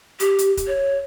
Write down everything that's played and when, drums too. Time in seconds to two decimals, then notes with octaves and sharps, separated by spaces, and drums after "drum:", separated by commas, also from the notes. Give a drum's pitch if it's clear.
0.20 G4, drum: hi-hat
0.39 drum: hi-hat
0.57 drum: kick, hi-hat
0.67 C#5